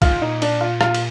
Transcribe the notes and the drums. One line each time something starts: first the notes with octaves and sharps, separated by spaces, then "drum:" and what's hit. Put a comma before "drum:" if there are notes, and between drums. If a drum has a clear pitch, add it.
G#2 F4, drum: kick, cymbal
A#2 D#4
D4, drum: cymbal
F4
F4, drum: rim click
drum: cymbal